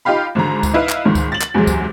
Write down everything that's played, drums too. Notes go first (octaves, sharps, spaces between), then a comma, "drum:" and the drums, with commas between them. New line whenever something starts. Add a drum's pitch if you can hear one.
D#4 F4 G4 F5 B5
G#1 G#2 D3 A#5
drum: kick C#2, tambourine
D#4 E4 B4 F5
drum: clap
C#2 G#2 D#3
drum: kick C#2, tambourine
A6 F#7
drum: clap
E2 G#2 C3 F#3 G#3
drum: kick C#2, tambourine